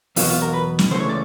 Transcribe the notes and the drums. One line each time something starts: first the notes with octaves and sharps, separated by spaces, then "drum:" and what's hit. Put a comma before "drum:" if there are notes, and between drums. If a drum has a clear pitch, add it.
E2 B2 F#3 F4, drum: open hi-hat
F4
A#4
B4
drum: snare
C#2 C#3 E3 A3 C5
C#5
D5